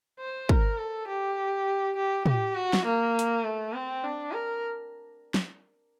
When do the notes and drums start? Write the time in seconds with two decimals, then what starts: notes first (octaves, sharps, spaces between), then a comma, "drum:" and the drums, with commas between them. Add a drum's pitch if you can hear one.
0.19 C5
0.49 A#4, drum: kick
0.78 A4
1.08 G4
1.97 G4
2.26 G4, drum: tom
2.55 F#4
2.73 drum: snare
2.85 A#3
3.19 drum: hi-hat
3.44 A3
3.73 C4
4.03 D4
4.32 A#4
5.34 drum: snare